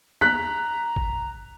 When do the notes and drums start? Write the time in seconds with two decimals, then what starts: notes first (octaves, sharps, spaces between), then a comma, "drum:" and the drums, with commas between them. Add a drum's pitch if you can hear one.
0.21 A#5 F#6 B6, drum: tom E2
0.96 drum: kick G#1